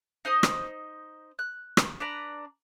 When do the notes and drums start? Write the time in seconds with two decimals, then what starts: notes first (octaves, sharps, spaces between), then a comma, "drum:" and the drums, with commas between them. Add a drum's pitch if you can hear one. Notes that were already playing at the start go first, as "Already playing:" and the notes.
0.25 D#4 C5 D#5 D#6
0.43 drum: rim click
1.39 F#6
1.77 drum: rim click
2.00 D4 B4 D5 A#5